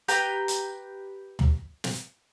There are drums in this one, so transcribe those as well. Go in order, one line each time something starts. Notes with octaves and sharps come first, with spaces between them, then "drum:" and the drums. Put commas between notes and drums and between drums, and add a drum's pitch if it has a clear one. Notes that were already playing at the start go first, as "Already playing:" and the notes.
G4 B4 G5 A#5, drum: hi-hat
drum: hi-hat
drum: tom
drum: snare